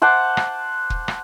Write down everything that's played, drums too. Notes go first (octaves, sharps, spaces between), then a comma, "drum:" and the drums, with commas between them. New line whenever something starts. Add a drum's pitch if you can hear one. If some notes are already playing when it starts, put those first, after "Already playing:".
C5 F#5 A5 D6
drum: rim click
drum: kick
drum: rim click